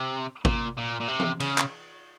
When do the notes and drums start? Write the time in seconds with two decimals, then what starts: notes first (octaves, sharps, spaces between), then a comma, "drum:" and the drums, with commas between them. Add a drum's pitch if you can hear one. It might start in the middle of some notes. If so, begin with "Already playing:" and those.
Already playing: C3
0.45 A#2, drum: kick
0.77 A#2
1.00 A#2
1.08 C3
1.20 drum: tom E3
1.40 C#3, drum: cymbal
1.58 drum: clap